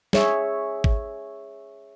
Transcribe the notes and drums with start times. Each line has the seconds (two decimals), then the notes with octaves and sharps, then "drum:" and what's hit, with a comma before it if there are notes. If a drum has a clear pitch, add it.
0.13 G#4 C#5 E5, drum: snare
0.84 drum: kick